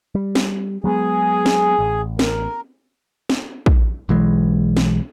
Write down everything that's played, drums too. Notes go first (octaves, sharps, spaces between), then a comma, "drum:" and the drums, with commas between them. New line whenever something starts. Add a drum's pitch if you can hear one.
G3
drum: snare
F#3 G#3 B3 G#4
drum: snare
A1
A#4, drum: snare
drum: snare
drum: kick
B1 E3 G#3
drum: snare